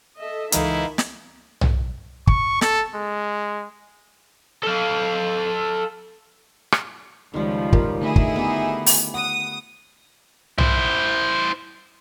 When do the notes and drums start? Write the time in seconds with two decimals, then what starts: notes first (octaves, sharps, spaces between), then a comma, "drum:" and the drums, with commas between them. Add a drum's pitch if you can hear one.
0.20 A4 D#5 E5
0.52 C#2 D#3 E3 D#4 E4 A4 F5, drum: hi-hat
0.98 drum: snare
1.61 drum: tom B1
2.27 C#6, drum: kick
2.61 A4, drum: snare
2.95 G#3
4.63 A4 F5
6.72 drum: rim click
7.34 C#2 D#3 F3 G3
7.73 F4 G4 A#4, drum: kick
8.02 D3 A3 D#4 E4 G#4
8.16 drum: kick
8.36 B3 G4
8.86 drum: open hi-hat
9.14 F#5 D#6
10.58 E4 C5, drum: tom B1